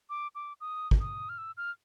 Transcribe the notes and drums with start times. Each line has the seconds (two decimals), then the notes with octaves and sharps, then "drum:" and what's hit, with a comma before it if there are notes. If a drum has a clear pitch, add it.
0.10 D6
0.35 D6
0.61 D#6
0.91 drum: kick
1.00 D#6
1.29 F6
1.38 E6
1.57 F6